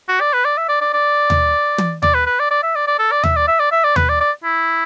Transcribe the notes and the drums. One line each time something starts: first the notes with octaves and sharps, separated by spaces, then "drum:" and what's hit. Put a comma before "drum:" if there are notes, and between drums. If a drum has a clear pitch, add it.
F#4
D5
B4
D5
E5
D5
D5
D5
drum: tom D#2
drum: tom
D5, drum: tom D#2
B4
B4
D5
D5
E5
D5
D5
A4
D5
E5, drum: tom D#2
D5
E5
D5
E5
D5
B4, drum: tom D#2
D5
D5
E4